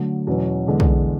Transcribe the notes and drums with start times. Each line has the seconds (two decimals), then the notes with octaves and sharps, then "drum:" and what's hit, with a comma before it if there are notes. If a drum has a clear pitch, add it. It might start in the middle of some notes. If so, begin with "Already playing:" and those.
Already playing: D3 F#3 A3 D4
0.27 E2 B2 F#3 C#4
0.67 E2 D3 G#3
0.80 drum: kick